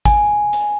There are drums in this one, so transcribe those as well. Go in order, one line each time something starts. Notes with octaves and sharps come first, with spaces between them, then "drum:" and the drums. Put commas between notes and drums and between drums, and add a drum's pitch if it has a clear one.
G#5, drum: kick G#1, hi-hat
drum: hi-hat